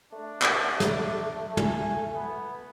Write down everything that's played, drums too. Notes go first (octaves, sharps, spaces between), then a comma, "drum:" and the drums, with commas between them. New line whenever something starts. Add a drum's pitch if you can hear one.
A3 D4
drum: clap
drum: snare
G#5, drum: tom
B3